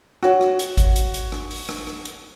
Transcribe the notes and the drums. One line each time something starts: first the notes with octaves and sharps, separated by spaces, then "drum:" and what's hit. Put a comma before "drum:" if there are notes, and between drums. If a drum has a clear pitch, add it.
F#4 C#5, drum: rim click
drum: rim click
drum: hi-hat
drum: kick G#1, hi-hat
drum: hi-hat
drum: hi-hat
drum: rim click
drum: open hi-hat
drum: rim click
drum: rim click
drum: hi-hat